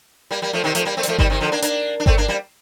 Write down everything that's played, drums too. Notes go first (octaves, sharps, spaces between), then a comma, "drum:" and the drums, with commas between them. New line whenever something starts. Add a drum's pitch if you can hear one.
G3 A#3
G3 A#3
F3 A3
C3 D#3
F3 A3, drum: hi-hat
G3 A#3
A3 C4
G3, drum: hi-hat
F3 A3
D#3 G3, drum: kick G1
C3 D#3
D3 F3
A#3 D4
A#3 D4, drum: hi-hat
D4
A3 C4, drum: kick G1
A#3 D4
G3 A#3